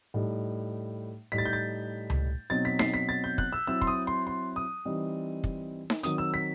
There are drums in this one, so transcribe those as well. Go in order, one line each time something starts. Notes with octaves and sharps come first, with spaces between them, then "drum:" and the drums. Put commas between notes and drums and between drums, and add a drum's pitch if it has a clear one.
A2 G3 D#4
A2 G3 D#4 B6
A6
G6
A6
drum: tom C#2
B2 F#3 C4 D#4 A6
B6
C7, drum: snare D#4
B6
A6
G6
F#6, drum: kick
E6
F#3 C4 E4 E6
C6, drum: kick
D#6
C6
C6
D#6
E3 G3 C4 D#4
drum: kick
drum: snare D#4
D#3 F#3 C4 D#6, drum: hi-hat
E6
B6